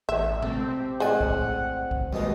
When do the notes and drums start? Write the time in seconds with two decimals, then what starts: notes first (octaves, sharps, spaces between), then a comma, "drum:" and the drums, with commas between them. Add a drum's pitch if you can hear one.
0.09 A1 E5
0.42 C4 A4, drum: tom
0.62 G4
1.00 A2 G#3 D5 F#5 G#5
1.21 drum: kick A#1
1.91 drum: kick A#1
2.13 D#2 B2 G3 G#3